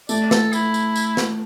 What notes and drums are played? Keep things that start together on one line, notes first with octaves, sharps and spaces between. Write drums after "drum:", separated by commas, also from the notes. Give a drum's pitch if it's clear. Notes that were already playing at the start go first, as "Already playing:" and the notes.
A3 D5, drum: tambourine
A4, drum: snare
E4, drum: tambourine
drum: tambourine
drum: tambourine
drum: snare